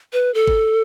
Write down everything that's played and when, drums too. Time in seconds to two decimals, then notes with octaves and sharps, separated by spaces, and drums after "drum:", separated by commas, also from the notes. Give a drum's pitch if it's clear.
0.13 B4
0.34 A4
0.47 drum: kick G#1